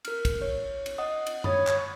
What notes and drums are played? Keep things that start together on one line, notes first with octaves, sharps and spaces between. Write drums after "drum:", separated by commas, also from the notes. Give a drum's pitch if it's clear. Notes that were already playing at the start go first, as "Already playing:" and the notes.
A#4 F6, drum: cymbal
drum: kick, cymbal
C#5
drum: cymbal
D#5 F#5 D#6
drum: cymbal
C#5 B5 D#6 A6, drum: tom F#2
drum: clap